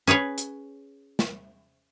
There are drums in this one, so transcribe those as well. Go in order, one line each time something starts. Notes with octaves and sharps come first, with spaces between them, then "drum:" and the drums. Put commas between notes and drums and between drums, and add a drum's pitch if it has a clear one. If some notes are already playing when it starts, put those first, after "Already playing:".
C#4 G#4 B4 C#5
drum: hi-hat
drum: snare